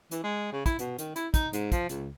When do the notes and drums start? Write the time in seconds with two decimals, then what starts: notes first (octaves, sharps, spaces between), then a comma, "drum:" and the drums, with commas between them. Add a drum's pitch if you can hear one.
0.11 E3, drum: hi-hat
0.23 G#3
0.52 C#3
0.66 E4, drum: kick, hi-hat
0.79 B2, drum: hi-hat
0.98 D#3, drum: hi-hat
1.16 E4, drum: hi-hat
1.34 D#4, drum: kick, hi-hat
1.53 G#2, drum: hi-hat
1.72 F3, drum: kick, hi-hat
1.89 C#2, drum: hi-hat